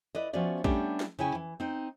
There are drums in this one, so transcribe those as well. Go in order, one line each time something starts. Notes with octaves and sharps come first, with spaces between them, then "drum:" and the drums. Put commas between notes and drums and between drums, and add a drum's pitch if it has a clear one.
E4 B4 D5 D#5
F3 B3 C#4 F#4 D5 E5
G3 A3 B3 C#4 D4 G4, drum: kick
drum: snare
C#3 C#4 E4 G5 G#5
E3
C4 D#4